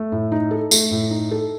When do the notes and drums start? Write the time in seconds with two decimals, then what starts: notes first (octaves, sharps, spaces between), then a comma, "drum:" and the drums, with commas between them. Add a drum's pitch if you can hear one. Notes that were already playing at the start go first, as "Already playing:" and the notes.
Already playing: A3
0.12 A2
0.32 D#4
0.51 A4
0.71 A3, drum: tambourine
0.91 A2
1.11 D#4
1.31 A4